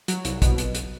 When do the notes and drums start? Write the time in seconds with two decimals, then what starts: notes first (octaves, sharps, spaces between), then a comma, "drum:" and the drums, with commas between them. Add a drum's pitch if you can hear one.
0.08 F#3, drum: hi-hat
0.25 C2, drum: hi-hat
0.42 B2, drum: kick, hi-hat
0.58 drum: hi-hat
0.75 drum: hi-hat